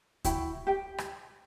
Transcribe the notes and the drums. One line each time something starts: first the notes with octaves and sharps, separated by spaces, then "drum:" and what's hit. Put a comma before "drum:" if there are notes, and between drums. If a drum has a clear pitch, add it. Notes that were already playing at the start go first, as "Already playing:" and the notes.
E4 F#4 G5 B5, drum: kick D2, hi-hat
G4 G5
drum: rim click